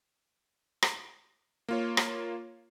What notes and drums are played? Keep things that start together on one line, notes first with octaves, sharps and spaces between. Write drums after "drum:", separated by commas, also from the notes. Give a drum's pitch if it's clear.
drum: rim click
A#3 F4 C#5
drum: rim click